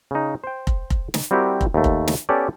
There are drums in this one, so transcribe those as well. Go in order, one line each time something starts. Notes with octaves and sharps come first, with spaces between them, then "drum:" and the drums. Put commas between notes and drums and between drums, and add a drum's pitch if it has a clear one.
C#3 D#4
C5 G5
drum: kick F1
drum: kick F1
drum: snare
G3 C4 E4 F#4 G4 A#4
drum: kick F1
D#2 A3
drum: kick F1
drum: snare
B3 C#4 G4 A4 D5